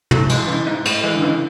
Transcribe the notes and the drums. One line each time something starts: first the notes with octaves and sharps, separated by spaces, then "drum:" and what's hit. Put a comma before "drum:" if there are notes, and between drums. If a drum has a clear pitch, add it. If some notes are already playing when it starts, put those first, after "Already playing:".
F#3 A3, drum: tom
E3 G#3, drum: cymbal
C#3 E3
G#2
A2, drum: cymbal
E3 G#3
D3
C#3 E3